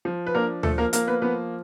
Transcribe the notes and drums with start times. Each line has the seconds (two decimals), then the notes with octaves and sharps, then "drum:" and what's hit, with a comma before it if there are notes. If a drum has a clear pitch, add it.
0.05 F3
0.27 B4
0.34 A#3 D4 A#4
0.63 F3 A3 A4, drum: tom D2
0.78 A#3 A#4
0.93 A#3 A#4, drum: hi-hat
1.07 B3 B4
1.22 F3 B3 B4